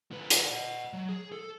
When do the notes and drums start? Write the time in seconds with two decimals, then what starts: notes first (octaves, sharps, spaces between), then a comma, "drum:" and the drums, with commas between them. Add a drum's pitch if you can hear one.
0.11 D3 B4
0.30 drum: hi-hat
0.48 D#5 F#5
0.93 F#3
1.09 G#4
1.32 A4